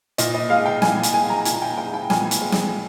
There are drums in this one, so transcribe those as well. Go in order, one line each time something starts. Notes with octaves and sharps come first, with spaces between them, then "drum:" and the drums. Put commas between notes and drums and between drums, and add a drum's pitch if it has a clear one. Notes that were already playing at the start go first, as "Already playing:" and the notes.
A#2 D#5, drum: hi-hat
D#5
G#3 F5
G5
A#2 G#5, drum: snare
drum: hi-hat
G#3 G#5
A#5
A#2 G#5, drum: hi-hat
G5
G#3 G5
G5
A#2 G#5, drum: snare
drum: hi-hat
G#3
drum: snare